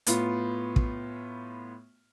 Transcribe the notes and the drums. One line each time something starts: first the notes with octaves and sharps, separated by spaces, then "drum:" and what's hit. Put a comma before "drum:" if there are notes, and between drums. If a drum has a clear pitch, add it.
A2 B3 F4, drum: hi-hat
drum: kick